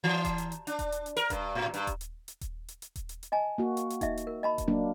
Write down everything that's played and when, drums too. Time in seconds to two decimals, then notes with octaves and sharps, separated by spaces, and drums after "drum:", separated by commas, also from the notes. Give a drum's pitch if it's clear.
0.04 E3
0.25 drum: kick D#1, hi-hat
0.38 drum: hi-hat
0.52 drum: hi-hat
0.67 D4, drum: hi-hat
0.79 drum: kick D#1, hi-hat
0.92 drum: hi-hat
1.06 drum: hi-hat
1.16 A#4, drum: hi-hat
1.30 G2, drum: kick D#1, hi-hat
1.55 A2
1.74 G2, drum: hi-hat
1.87 drum: kick D#1, hi-hat
2.01 drum: hi-hat
2.28 drum: hi-hat
2.41 drum: kick D#1, hi-hat
2.68 drum: hi-hat
2.82 drum: hi-hat
2.96 drum: kick D#1, hi-hat
3.09 drum: hi-hat
3.23 drum: hi-hat
3.32 D#5 G#5 A5
3.58 A#3 F#4
3.77 drum: hi-hat
3.90 drum: hi-hat
4.01 D#4 D#5 E5, drum: kick D#1, hi-hat
4.17 drum: hi-hat
4.27 A#4
4.43 D#5 A5 B5
4.58 drum: kick D#1, hi-hat
4.68 F#3 A#3 D4